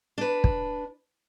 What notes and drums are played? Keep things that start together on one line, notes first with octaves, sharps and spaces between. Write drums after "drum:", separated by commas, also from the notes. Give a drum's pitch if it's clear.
D4 B4
drum: kick